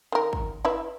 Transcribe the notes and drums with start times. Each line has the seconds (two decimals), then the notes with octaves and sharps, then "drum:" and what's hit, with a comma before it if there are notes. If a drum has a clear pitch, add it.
0.12 D#3 A#4
0.33 drum: kick
0.65 E4 B4 E5